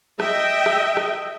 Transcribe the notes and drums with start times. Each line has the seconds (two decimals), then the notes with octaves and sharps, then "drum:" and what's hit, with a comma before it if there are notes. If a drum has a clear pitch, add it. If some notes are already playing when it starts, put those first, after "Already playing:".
0.20 D#5 E5 G5, drum: rim click
0.66 drum: rim click
0.97 drum: rim click